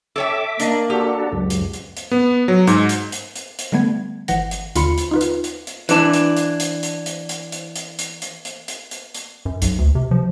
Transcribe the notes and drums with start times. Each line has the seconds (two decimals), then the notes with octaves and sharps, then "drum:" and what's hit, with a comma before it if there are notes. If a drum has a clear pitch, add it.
0.16 A4 C#5 E5 G5 D6
0.60 A#3 D4 D#5, drum: hi-hat
0.90 D4 F#4 G4 A4
1.33 C#2 F#2
1.50 drum: hi-hat
1.73 drum: hi-hat
1.97 drum: hi-hat
2.11 B3
2.48 F#3
2.67 G#2, drum: hi-hat
2.89 drum: hi-hat
3.12 drum: hi-hat
3.36 drum: hi-hat
3.59 drum: hi-hat
3.72 D3 G3 A3 B3 G#6
4.28 G1 E3 F#5 A#6, drum: hi-hat
4.51 drum: hi-hat
4.76 D#2 D3 F4 B5 C6 C#7, drum: hi-hat
4.98 drum: hi-hat
5.11 D#4 F4 B4
5.21 drum: hi-hat
5.44 drum: hi-hat
5.67 drum: hi-hat
5.89 E3 D4, drum: hi-hat
6.13 drum: hi-hat
6.37 drum: hi-hat
6.60 drum: hi-hat
6.83 drum: hi-hat
7.06 drum: hi-hat
7.29 drum: hi-hat
7.52 drum: hi-hat
7.76 drum: hi-hat
7.99 drum: hi-hat
8.22 drum: hi-hat
8.45 drum: hi-hat
8.68 drum: hi-hat
8.91 drum: hi-hat
9.14 drum: hi-hat
9.45 F#2
9.62 B1, drum: hi-hat
9.78 D2
9.95 C3
10.11 F3